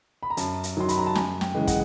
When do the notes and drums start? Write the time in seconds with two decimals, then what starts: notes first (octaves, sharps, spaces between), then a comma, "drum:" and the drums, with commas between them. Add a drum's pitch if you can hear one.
0.23 B5
0.30 A#5
0.37 F#2 A5, drum: hi-hat
0.63 drum: hi-hat
0.77 D#3 F#3 C6
0.89 B5, drum: hi-hat
0.98 A#5
1.06 A5
1.15 F#2 G#5, drum: snare
1.41 G5, drum: snare
1.54 C#3 E3 G#3
1.67 F#5, drum: kick, hi-hat